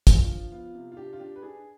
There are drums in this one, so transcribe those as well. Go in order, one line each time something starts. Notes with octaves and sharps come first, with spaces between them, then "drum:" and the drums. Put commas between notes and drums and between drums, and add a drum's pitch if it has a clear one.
D4 F4, drum: kick, hi-hat
F3
B3 F4
C3
F4
D4 G4
F4
D4 G4
B4
D4 G#4